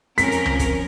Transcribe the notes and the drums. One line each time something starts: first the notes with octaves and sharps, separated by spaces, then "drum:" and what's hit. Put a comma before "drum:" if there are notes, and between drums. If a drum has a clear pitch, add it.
F3 C4 C#4 A#4 B6, drum: hi-hat
drum: hi-hat
drum: tom C#2
drum: kick, hi-hat